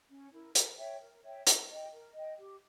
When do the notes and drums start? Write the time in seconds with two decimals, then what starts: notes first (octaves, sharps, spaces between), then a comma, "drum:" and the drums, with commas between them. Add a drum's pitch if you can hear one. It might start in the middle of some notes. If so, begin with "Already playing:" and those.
0.09 C#4
0.32 E4 A#4
0.55 A#4, drum: hi-hat
0.77 C#5 E5 G5
1.01 A#4
1.23 C#5 E5 G5
1.47 A#4, drum: hi-hat
1.69 D#5 G5
1.92 A#4
2.14 D#5 G5
2.37 G4